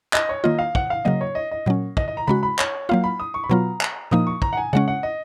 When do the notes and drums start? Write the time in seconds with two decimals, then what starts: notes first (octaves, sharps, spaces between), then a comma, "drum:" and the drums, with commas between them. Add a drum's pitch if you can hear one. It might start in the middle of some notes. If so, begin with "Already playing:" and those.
0.13 D#5, drum: clap
0.29 C#5
0.44 D#3 A#3 F4 D#5
0.59 F5
0.75 F#5, drum: kick
0.90 F5
1.05 C#3 F#3 A#3 D#5
1.21 C#5
1.35 D#5
1.51 D#5
1.66 A#2 F#3 C#4
1.97 D#5, drum: kick
2.08 D#5
2.17 A#5
2.27 C#3 G#3 C#4 F#4 B5
2.43 B5
2.58 C#5, drum: clap
2.89 F#3 A#3 F4 F5
3.04 B5
3.20 D#6
3.34 C#6
3.44 B5
3.50 B2 F#3 B3 F4 A#5
3.81 drum: clap
4.11 A#2 F3 A#3 D#4 D#6
4.27 C#6
4.42 A#5, drum: kick
4.53 F#5
4.57 G#5
4.73 C#3 G#3 C#4 F#5
4.88 F#5
5.03 D#5